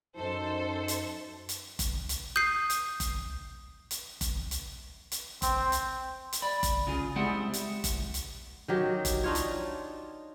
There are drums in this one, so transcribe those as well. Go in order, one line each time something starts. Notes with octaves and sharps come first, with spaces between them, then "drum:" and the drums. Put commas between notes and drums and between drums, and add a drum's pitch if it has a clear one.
F#2 D#4 A4 C5
drum: hi-hat
drum: hi-hat
drum: kick F#1, hi-hat
drum: hi-hat
D#6 G6 C7
drum: hi-hat
drum: kick F#1, hi-hat
drum: hi-hat
drum: kick F#1, hi-hat
drum: hi-hat
drum: hi-hat
C4, drum: kick F#1, hi-hat
drum: hi-hat
drum: hi-hat
D5 B5
drum: kick F#1, hi-hat
C#3 F4 G#4
G3 G#3 C4 E4 G#4 F#5
drum: hi-hat
drum: kick F#1, hi-hat
drum: hi-hat
D#3 F#3 G4
drum: kick F#1, hi-hat
D4 D#4 F4 C#5
drum: hi-hat